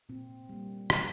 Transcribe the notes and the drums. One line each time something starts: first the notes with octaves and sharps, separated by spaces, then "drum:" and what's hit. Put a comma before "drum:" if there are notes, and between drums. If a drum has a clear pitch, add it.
A#2 C4
G3 A#3
A#2, drum: rim click